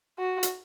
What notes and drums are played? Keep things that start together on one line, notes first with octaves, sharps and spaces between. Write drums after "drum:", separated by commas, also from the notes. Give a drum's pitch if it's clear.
F#4
drum: hi-hat